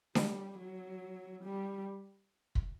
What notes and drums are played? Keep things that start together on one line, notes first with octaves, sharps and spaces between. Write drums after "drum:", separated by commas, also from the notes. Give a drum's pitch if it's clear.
G3, drum: snare D4
F#3
G3
drum: kick